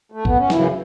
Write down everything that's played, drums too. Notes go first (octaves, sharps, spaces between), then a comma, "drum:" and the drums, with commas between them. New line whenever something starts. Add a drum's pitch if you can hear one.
A3
B3, drum: kick
C#4
F#2 C#3 E3 E4, drum: snare